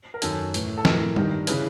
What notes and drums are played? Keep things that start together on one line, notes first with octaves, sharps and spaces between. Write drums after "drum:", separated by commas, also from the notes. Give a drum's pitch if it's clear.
A#4
F#2 D#3 A4, drum: hi-hat
A2 E3, drum: hi-hat
A4
A2 E3 A#4, drum: snare
G2 D#3, drum: tom G3
C#3 E3 B4, drum: hi-hat